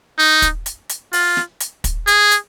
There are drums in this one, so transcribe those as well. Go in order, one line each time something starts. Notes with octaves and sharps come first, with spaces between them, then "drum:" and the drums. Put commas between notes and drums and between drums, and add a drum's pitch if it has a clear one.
D#4
drum: kick, hi-hat
drum: hi-hat
drum: hi-hat
F4, drum: open hi-hat
drum: snare
drum: hi-hat
drum: kick, hi-hat
G#4, drum: hi-hat
drum: hi-hat